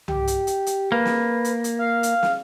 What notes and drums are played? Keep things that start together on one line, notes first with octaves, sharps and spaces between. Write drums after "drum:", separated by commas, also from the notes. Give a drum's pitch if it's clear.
G4, drum: tom C2
drum: hi-hat
drum: hi-hat
drum: hi-hat
A#3 B4
drum: snare
drum: hi-hat
drum: hi-hat
F5
drum: hi-hat
drum: snare